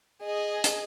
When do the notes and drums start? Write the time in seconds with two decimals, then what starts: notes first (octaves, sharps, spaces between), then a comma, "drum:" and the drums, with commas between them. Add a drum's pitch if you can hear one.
0.22 G#4 D#5
0.64 drum: hi-hat